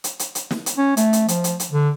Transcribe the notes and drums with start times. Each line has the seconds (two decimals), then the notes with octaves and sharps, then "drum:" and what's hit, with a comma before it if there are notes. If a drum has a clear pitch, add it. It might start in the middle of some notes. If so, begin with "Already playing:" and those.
0.04 drum: hi-hat
0.19 drum: hi-hat
0.35 drum: hi-hat
0.51 drum: snare
0.66 drum: hi-hat
0.78 C#4
0.97 A3, drum: hi-hat
1.13 drum: hi-hat
1.28 F3, drum: hi-hat
1.44 drum: hi-hat
1.60 drum: hi-hat
1.71 D3